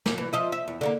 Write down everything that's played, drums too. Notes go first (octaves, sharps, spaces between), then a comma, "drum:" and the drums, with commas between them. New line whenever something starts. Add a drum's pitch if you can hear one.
A#3, drum: snare
E3
F3 D#5 E5
E5
E2
D3 A3 A#3